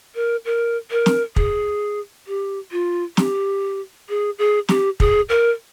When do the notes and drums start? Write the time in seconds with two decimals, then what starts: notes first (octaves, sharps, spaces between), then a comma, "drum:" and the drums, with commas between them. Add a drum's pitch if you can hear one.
0.15 A#4
0.45 A#4
0.91 A#4
1.06 drum: snare
1.36 G#4, drum: kick
2.27 G4
2.72 F4
3.17 G4, drum: snare
4.09 G#4
4.38 G#4
4.69 G4, drum: snare
5.00 G#4, drum: kick
5.29 A#4